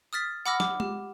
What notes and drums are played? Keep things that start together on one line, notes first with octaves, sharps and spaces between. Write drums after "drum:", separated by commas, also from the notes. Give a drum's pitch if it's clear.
D#6 F6 A6 B6
F#5 B5 D6 E6 F6 A#6
D6, drum: snare
G4, drum: tom G#3